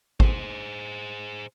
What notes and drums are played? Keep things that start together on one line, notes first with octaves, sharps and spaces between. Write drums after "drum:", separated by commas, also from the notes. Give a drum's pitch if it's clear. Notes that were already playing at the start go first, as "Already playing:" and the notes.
G#4 C5, drum: kick